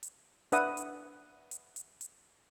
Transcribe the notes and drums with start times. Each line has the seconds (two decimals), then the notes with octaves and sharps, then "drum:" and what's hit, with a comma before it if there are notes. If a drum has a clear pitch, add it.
0.03 drum: hi-hat
0.52 D4 B4 E5 F#5 D#6, drum: hi-hat
0.77 drum: hi-hat
1.51 drum: hi-hat
1.76 drum: hi-hat
2.01 drum: hi-hat